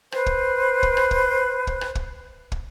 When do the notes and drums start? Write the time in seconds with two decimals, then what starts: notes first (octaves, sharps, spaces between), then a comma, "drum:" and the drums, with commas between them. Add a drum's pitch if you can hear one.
0.12 B4 C5, drum: rim click
0.26 drum: kick
0.83 drum: kick
0.97 drum: rim click
1.11 drum: kick
1.67 drum: kick
1.81 drum: rim click
1.95 drum: kick
2.52 drum: kick